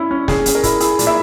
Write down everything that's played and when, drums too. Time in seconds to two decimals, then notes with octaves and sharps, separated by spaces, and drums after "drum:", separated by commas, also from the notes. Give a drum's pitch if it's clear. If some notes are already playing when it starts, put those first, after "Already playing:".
Already playing: C#4 E4
0.11 C#4
0.28 C#4 G#4, drum: snare
0.46 C#4 G#4, drum: hi-hat
0.55 A#4
0.63 E4, drum: kick, hi-hat
0.80 E4 G#4, drum: hi-hat
0.99 A#2, drum: hi-hat
1.07 E4 E5